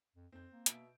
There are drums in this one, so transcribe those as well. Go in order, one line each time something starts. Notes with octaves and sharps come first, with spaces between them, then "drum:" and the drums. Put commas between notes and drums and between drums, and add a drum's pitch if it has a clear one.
F2
F2 C4 G6
A#3
B2 E5 D7, drum: hi-hat